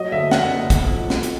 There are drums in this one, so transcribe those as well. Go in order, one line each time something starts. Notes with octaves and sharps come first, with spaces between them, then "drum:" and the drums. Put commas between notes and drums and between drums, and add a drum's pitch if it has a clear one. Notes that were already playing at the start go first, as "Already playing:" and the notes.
Already playing: F#3 D#5
D3 E5
D3 F#5, drum: snare
F#1
B1, drum: kick, hi-hat
F3
B1, drum: snare
drum: hi-hat